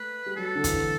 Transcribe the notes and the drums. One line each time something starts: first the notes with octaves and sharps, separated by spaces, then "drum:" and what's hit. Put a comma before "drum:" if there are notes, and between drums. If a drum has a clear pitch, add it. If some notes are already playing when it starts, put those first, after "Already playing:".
Already playing: A3 B4
G3
F#3 A4
D3
E3, drum: kick, hi-hat